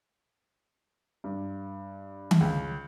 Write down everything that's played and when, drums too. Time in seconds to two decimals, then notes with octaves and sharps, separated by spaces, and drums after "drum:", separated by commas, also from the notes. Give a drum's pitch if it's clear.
1.24 G2
2.31 drum: tom D#3
2.41 C#2